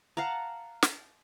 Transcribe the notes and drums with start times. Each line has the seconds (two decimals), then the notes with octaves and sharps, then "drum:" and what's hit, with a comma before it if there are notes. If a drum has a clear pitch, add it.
0.17 F5 F#5 A5 A#5
0.83 drum: snare